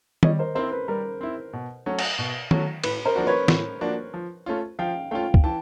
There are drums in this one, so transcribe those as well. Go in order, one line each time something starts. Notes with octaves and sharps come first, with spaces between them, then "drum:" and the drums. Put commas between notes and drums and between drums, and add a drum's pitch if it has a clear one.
G3 C#5 D#5, drum: tom D#3
A#4 C5
C4 E4 A#4 C5
B4
G3 A#4
C4 E4
B2
F#3 A3 C#4 F#4
drum: cymbal
B2
F#3 A3 C#4 F#4, drum: tom D#3
A2 B4, drum: cymbal
A#4 C5
F3 A#3 D4 F#4
B4 C#5
A2, drum: snare
F3 A#3 D4 F#4
F3
A3 C#4 F4
F3 F5 G5
A3 C#4 F4 F5 G5
drum: kick C#2
E3 G5 A5